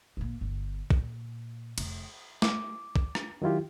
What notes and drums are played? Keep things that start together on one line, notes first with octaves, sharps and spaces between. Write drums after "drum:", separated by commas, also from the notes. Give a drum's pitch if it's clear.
A#1 A#3
G1
A#2, drum: kick
F1, drum: cymbal
D6, drum: snare
drum: kick
drum: rim click
D#3 F#3 E4 F4 G4